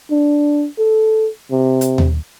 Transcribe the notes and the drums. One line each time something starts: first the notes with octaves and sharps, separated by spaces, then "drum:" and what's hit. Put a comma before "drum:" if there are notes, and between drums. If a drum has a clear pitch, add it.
D4
A4
C3
drum: hi-hat
drum: tom D#2